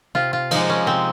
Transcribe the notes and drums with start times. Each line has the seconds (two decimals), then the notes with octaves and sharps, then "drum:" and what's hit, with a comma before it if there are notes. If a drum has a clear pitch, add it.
0.15 C3 F4
0.33 F4
0.51 F3 G#3 D#4, drum: cymbal
0.69 C#4
0.86 C3 C4